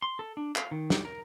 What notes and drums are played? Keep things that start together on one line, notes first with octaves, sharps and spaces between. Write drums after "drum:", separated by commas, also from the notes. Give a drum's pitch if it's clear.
C6
A4
D4
F5, drum: clap
D#3
G3, drum: snare
A#4